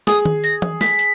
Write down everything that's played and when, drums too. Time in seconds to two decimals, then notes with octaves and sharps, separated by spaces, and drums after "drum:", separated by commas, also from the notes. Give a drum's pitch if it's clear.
0.07 G#4 D#6, drum: snare
0.25 drum: tom D#3
0.44 A#6, drum: hi-hat
0.62 drum: tom E3
0.81 B6, drum: snare
0.99 drum: hi-hat